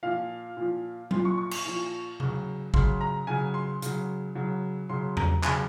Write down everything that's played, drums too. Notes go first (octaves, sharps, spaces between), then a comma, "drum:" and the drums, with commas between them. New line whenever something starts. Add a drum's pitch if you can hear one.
A#2 F3 F5
A#2 F3
A#2 F3 C6, drum: tom F#3
C#6
C#6
C#6, drum: cymbal
A#2 F3
C#3 F#3, drum: tom C3
C#3 F#3 C6, drum: kick
A#5
C#3 F#3 G#5
C6
C#3 F#3, drum: hi-hat
C#3 F#3
C#3 F#3 C6
A#5, drum: tom E2
C#3 F#3 G#5, drum: clap